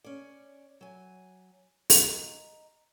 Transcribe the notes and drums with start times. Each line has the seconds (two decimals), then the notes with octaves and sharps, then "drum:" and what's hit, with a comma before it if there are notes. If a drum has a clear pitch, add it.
0.04 C#4 D5
0.81 F#3 G#5
1.90 D#5 A#5, drum: open hi-hat